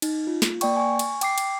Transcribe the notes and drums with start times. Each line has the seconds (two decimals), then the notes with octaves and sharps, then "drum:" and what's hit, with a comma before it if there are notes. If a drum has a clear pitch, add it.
0.02 D#4, drum: cymbal
0.27 F4
0.42 drum: snare
0.61 A#3 D5 G5 C#6, drum: cymbal
0.77 G#5 C#6
0.99 drum: cymbal
1.21 G5 D6 C7, drum: cymbal
1.38 drum: cymbal